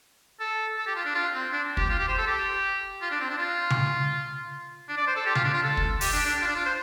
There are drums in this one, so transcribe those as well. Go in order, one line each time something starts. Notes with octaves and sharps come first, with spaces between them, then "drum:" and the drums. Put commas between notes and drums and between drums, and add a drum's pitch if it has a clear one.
A4
A4
G4
F4
D4
F4
C4
D4
G4, drum: kick
F4
G4
C5
A4
G4
F4
D4
C4
D4
F4
drum: tom C#3
D4
D5
C5
A4
G4
F4, drum: tom C#3
D4
F4
A4
drum: kick
G4, drum: open hi-hat
D4
D4
F4
D4
F4
C5